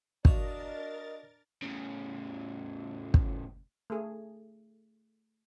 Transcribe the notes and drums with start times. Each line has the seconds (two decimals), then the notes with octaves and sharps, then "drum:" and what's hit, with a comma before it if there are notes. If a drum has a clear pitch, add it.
0.25 D4 F4 F#4 A#4 D#5 A6, drum: kick
1.62 A2 C#3
3.14 drum: kick
3.90 A3 G#4